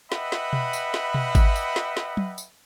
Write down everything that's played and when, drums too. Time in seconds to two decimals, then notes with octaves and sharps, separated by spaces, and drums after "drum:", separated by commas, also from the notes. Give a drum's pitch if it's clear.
0.12 B4 D#5 E5 F#5 G5 B5, drum: snare
0.32 drum: snare
0.53 drum: tom B2
0.73 drum: tambourine
0.94 drum: snare
1.14 drum: tom B2
1.35 drum: kick G#1, tambourine
1.56 drum: tambourine
1.76 drum: snare
1.97 drum: snare
2.17 drum: tom F#3
2.38 drum: tambourine